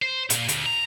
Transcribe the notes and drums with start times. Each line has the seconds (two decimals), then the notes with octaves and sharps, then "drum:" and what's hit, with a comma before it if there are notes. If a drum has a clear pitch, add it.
0.02 C5
0.30 A#2, drum: hi-hat
0.48 D2, drum: hi-hat
0.66 A#5